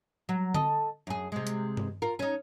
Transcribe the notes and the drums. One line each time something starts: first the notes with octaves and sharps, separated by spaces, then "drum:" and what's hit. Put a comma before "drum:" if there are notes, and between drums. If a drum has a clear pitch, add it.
F#3
A4 D#5, drum: tom D3
F#2 G#4
C3 G#3
drum: hi-hat
drum: tom G2
F4 A#4
C#4 D#4